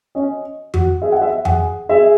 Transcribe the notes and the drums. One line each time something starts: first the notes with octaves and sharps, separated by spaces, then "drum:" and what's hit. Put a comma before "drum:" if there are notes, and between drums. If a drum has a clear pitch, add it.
C#4 D#5
F#4, drum: tom F2
G#4 E5
F#5
E5
G#4 F#5, drum: tom F2
G#4 E5